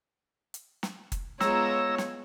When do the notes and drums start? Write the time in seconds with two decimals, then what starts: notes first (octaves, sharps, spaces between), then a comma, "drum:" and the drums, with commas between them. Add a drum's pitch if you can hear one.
0.54 drum: hi-hat
0.83 drum: snare
1.12 drum: kick, hi-hat
1.41 G#3 B3 F4 C#5 A#5 E6, drum: snare
1.98 drum: snare